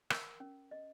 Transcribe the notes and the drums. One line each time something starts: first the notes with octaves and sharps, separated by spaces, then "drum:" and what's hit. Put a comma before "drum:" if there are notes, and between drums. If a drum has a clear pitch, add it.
A#4, drum: rim click
C#4
D#5